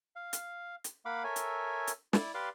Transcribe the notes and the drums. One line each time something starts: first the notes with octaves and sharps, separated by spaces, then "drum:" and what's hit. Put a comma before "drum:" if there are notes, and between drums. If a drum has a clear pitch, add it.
F5
drum: hi-hat
drum: hi-hat
A#3 F5 F#5 B5 D6
A4 A#4 C#5 E5 G#5
drum: hi-hat
drum: hi-hat
E4 D5, drum: snare
G4 B4 D5 F5 C6 D6